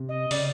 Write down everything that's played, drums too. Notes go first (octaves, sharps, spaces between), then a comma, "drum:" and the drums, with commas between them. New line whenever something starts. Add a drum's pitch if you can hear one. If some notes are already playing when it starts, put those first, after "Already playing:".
Already playing: C3
D#5
C#3 D5, drum: open hi-hat